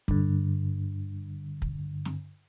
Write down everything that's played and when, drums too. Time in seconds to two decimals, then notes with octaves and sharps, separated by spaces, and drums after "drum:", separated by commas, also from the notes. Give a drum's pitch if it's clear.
0.08 G2 D3, drum: kick
1.62 drum: kick
2.05 drum: snare